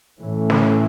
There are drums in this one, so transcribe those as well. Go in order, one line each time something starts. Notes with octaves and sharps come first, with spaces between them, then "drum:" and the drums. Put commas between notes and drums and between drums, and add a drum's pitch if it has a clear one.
A2 E3 A3 C#4
drum: snare